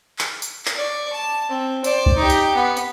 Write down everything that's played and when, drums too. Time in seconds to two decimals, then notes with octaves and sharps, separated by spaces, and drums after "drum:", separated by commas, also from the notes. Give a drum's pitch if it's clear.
0.19 drum: clap
0.42 drum: tambourine
0.65 drum: clap
0.75 D5 C#6
1.12 A5
1.49 C4
1.84 C5 D5, drum: tambourine
2.06 drum: kick C2
2.17 D#4 G4
2.30 drum: tambourine
2.55 B3
2.77 drum: tambourine